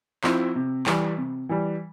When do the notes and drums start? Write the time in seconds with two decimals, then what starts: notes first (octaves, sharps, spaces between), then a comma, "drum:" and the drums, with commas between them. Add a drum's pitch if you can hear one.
0.24 F3 C4 E4, drum: clap
0.55 C3
0.86 E3 G3, drum: clap
1.17 C3
1.49 E3 G3